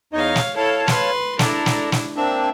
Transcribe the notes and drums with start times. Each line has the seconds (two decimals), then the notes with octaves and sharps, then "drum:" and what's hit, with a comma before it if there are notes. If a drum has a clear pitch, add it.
0.13 E2 D#4 C#5 D#5 F5
0.36 drum: snare
0.56 E4 A4 C#5 F5 A5
0.88 B4 C6, drum: snare
1.39 D4 E4 A4 D5 A#5, drum: snare
1.66 drum: snare
1.92 drum: snare
2.16 A#3 C4 D4 E5